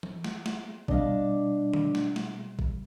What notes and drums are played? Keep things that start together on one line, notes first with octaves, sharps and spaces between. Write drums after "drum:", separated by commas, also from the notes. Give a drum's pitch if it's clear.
drum: tom E3
drum: snare
drum: snare
B2 G3 D4 D#5 F5, drum: kick G#1
drum: tom D3
drum: snare
drum: snare
drum: kick G#1